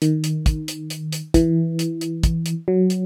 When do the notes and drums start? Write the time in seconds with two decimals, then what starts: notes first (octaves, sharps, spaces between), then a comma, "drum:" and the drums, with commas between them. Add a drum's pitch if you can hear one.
0.02 D#3, drum: hi-hat
0.24 drum: hi-hat
0.46 drum: kick, hi-hat
0.68 drum: hi-hat
0.90 drum: hi-hat
1.13 drum: hi-hat
1.34 E3, drum: kick, hi-hat
1.79 drum: hi-hat
2.01 drum: hi-hat
2.23 drum: kick, hi-hat
2.46 drum: hi-hat
2.68 F#3
2.90 drum: hi-hat